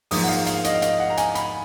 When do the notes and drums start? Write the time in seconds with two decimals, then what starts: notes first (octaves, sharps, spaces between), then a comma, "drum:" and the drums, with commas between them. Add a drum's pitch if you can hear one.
0.11 G#2 F3 A#3 D#6, drum: open hi-hat
0.24 F#5
0.29 F5
0.46 F5, drum: hi-hat
0.64 D#5, drum: hi-hat
0.75 D#5
0.82 F5, drum: hi-hat
1.00 F#5
1.10 A#5
1.17 G#5, drum: hi-hat
1.35 B5, drum: hi-hat